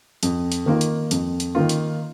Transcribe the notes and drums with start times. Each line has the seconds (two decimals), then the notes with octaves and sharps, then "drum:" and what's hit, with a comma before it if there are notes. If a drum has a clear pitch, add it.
0.23 F2, drum: hi-hat
0.52 drum: hi-hat
0.66 D#3 A#3 F4
0.81 drum: hi-hat
1.11 F2, drum: hi-hat
1.40 drum: hi-hat
1.55 D#3 A#3 F4
1.69 drum: hi-hat